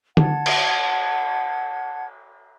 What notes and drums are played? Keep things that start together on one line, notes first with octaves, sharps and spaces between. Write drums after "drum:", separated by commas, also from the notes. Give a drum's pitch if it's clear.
F#5 A5 G#6, drum: tom D3
drum: cymbal